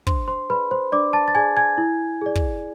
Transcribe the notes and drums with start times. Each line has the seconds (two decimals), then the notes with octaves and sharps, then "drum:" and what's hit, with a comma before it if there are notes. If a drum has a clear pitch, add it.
0.07 D4 C5 C6, drum: kick
0.28 C5 C6
0.49 G#4 B4 D5 B5
0.71 C5 C6
0.92 D4 D5 D6
1.13 A5 A6
1.28 A6
1.35 G#4 D5 G#5 G#6
1.57 G#5 G#6
1.78 E4
2.21 G#4 D5
2.35 drum: kick